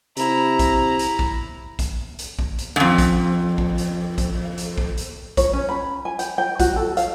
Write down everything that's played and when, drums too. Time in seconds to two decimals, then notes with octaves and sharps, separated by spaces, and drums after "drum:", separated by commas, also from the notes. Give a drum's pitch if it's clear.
0.17 C3 E4 A#5, drum: hi-hat
0.59 drum: kick A#1, hi-hat
0.99 drum: hi-hat
1.19 drum: kick A#1
1.79 drum: kick A#1, hi-hat
2.19 drum: hi-hat
2.39 drum: kick A#1
2.59 drum: hi-hat
2.76 F2 G#2
2.98 drum: kick A#1, hi-hat
3.58 drum: kick A#1
3.78 drum: hi-hat
4.18 drum: kick A#1, hi-hat
4.58 drum: hi-hat
4.78 drum: kick A#1
4.98 drum: hi-hat
5.37 C#5, drum: kick A#1, hi-hat
5.53 C#4
5.69 B5
6.05 G#5
6.19 G5, drum: hi-hat
6.38 G5
6.60 F#4, drum: kick A#1, hi-hat
6.76 A4
6.97 F5, drum: hi-hat